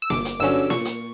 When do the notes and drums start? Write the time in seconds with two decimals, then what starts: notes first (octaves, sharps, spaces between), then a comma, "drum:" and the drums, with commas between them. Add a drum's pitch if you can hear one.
0.02 E6
0.10 G1 D6, drum: snare A#3
0.25 drum: hi-hat
0.40 G2 D3 F#3 C#4 E6
0.70 A#2 C#6, drum: snare A#3
0.85 drum: hi-hat